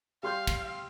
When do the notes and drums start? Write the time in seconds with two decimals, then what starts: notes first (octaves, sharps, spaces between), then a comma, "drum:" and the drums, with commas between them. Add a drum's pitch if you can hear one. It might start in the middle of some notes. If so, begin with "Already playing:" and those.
0.23 G3 F5 C6 G6
0.47 drum: kick, cymbal